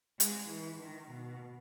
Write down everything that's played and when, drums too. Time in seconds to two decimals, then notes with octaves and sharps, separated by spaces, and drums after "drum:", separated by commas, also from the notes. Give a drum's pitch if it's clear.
0.20 G#3, drum: hi-hat
0.49 E3
0.80 D#3
1.10 B2